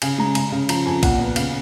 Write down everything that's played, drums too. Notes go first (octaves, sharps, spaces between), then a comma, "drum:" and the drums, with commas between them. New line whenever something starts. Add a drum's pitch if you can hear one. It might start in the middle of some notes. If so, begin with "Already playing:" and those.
C#3 G#5, drum: cymbal
G#3 A#5
C#3 A#5, drum: cymbal
C#3
F3 A#5, drum: cymbal
F2 G#5
A#2 F#5, drum: kick, cymbal
B3
C#3 F5, drum: cymbal